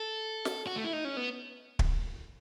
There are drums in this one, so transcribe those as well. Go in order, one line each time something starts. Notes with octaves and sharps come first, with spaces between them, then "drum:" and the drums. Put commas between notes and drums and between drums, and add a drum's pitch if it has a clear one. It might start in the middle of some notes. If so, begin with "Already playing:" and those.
Already playing: A4
drum: snare
F#4
A3
E4
D#4
C#4
B3
drum: kick